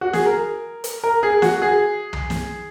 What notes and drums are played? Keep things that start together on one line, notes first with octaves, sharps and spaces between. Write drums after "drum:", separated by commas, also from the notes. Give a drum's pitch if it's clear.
F#4
G#4, drum: snare
A#4
drum: hi-hat
A#4
G#4
F#4, drum: snare
G#4
drum: tom
drum: snare